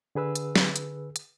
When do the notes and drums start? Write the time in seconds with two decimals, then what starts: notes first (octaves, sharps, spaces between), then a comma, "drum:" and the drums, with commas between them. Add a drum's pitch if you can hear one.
0.15 D3 G#4 B4 E6
0.35 drum: hi-hat
0.56 drum: snare
0.76 drum: hi-hat
1.16 drum: hi-hat